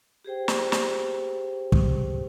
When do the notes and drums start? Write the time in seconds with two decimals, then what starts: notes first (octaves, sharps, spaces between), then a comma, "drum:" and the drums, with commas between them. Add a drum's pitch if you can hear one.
0.24 G4 G#4 C5 G5
0.48 drum: snare
0.72 drum: snare
1.72 drum: kick